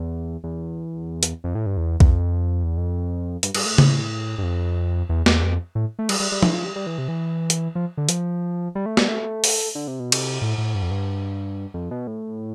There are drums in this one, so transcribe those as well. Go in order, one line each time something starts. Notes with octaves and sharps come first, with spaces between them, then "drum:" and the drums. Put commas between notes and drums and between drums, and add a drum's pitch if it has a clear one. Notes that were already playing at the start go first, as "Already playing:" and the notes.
Already playing: E2
E2
drum: hi-hat
F2
A2
G2
E2
E2, drum: kick B1
F2
E2
F2
G2, drum: hi-hat
G2, drum: cymbal
A2
drum: tom C#3
G2
F2
E2
E2, drum: snare
F2
A2
A3
G3, drum: cymbal
G3
G3
E3, drum: tom F3
F3
G3
G3
E3
C3
E3
drum: hi-hat
F3
D3
F3, drum: hi-hat
G3
A3
G3, drum: snare
A3
drum: open hi-hat
D3
C3
B2
C3, drum: cymbal
A2
A2
G2
F2
G2
F2
B2
A2